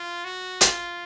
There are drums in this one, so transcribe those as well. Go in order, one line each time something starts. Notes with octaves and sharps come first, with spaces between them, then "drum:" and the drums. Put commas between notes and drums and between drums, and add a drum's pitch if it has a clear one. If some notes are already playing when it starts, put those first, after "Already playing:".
Already playing: F4
F#4
F4, drum: hi-hat